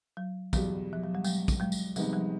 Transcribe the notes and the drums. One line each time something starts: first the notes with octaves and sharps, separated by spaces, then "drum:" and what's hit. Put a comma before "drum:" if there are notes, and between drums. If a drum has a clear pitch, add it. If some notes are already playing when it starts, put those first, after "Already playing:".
F#3
E2 B2 F#3 G3, drum: kick, tambourine
F3
F#3
G3
F#3 G#3, drum: tambourine
drum: kick, tambourine
F#3 G#3
drum: tambourine
C3 D#3 F3 G3 G#3 B3 D#4, drum: tambourine
F3 G3